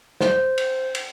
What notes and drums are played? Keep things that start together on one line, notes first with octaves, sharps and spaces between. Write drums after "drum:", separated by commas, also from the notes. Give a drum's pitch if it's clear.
C5, drum: snare
drum: cymbal
drum: cymbal